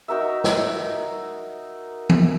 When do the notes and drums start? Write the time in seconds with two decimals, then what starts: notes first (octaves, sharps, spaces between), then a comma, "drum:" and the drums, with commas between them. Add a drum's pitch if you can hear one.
0.08 D#4 F#4 A#4 E5
0.44 drum: snare
2.10 drum: tom E3